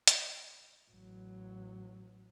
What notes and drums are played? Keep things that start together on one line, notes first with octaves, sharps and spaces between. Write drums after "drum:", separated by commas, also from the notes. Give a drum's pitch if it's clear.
drum: hi-hat
A1 F#3